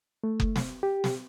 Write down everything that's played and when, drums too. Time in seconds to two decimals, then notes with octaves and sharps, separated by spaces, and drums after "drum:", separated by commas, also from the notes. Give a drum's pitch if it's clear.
0.24 A3
0.40 drum: kick F#1
0.56 drum: snare
0.83 G4
1.04 drum: snare